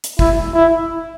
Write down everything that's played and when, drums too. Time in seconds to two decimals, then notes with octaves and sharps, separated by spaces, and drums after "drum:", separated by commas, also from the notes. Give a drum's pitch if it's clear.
0.04 drum: hi-hat
0.19 E4, drum: kick
0.55 E4